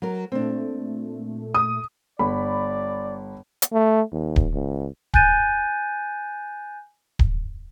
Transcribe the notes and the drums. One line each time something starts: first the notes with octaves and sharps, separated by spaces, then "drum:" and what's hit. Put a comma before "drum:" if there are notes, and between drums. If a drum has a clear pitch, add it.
F#3 A#4
A#2 A3 C4 D4
D#6
G1 D5 B5
drum: hi-hat
A3
D#2
drum: kick D1
C#2
G#5 F#6 G6 A6 D#7, drum: kick D1
drum: kick D1